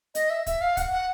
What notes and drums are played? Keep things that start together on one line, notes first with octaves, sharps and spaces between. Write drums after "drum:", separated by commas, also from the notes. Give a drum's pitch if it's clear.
D#5, drum: hi-hat
E5
E5, drum: kick, hi-hat
F5
F#5, drum: kick, hi-hat
F#5